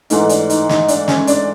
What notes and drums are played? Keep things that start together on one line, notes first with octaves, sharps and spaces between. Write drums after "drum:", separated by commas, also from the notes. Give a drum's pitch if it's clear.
G#2 E3 A3 D#4, drum: hi-hat
D4, drum: hi-hat
D#4, drum: hi-hat
D#4, drum: snare
D4, drum: hi-hat
C#4, drum: snare
D4, drum: hi-hat